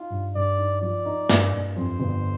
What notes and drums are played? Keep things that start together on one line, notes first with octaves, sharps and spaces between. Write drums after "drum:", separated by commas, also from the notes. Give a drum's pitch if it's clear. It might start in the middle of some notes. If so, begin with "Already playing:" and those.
Already playing: D#4 F4
G2
G2 D5
D#4
F3 D5
D#4
G2, drum: snare
G2
F2 C5
G1